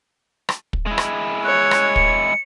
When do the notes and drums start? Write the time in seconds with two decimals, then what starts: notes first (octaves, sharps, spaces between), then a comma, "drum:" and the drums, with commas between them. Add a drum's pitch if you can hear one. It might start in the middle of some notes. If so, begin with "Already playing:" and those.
0.49 drum: rim click
0.73 drum: kick
0.86 G#3 E4
0.98 drum: rim click
1.44 C#5 F#6
1.71 drum: rim click
1.96 C#7, drum: kick